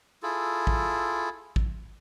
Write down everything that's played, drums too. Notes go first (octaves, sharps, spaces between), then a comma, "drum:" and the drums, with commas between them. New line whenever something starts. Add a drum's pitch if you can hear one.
E4 F4 G#4 A4
drum: kick
drum: kick